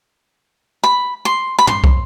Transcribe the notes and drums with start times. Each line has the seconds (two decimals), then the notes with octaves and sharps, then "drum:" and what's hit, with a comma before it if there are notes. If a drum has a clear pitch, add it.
0.84 B5
1.25 C6
1.59 B5
1.67 C6, drum: tom
1.84 drum: kick